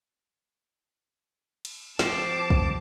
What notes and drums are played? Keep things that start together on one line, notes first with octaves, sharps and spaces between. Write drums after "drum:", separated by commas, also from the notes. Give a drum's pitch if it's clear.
drum: cymbal
F3 C4 A5 D6, drum: snare
drum: kick